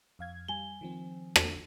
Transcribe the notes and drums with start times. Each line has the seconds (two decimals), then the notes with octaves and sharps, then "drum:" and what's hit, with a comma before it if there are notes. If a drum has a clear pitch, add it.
0.19 F2 F5 G#6
0.48 G3 G#5 G7
0.81 D#3 F3 C4
1.36 drum: rim click